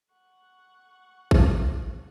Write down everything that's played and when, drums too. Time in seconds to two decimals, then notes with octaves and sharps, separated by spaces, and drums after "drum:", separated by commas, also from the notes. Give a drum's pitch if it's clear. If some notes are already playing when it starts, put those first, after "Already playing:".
0.14 F#5 C#6
1.31 drum: kick